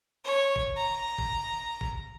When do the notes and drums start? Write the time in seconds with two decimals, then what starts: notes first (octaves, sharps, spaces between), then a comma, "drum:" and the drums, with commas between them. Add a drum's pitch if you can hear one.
0.25 C#5
0.56 drum: kick G1
0.77 A#5
1.18 drum: kick G1
1.81 drum: kick G1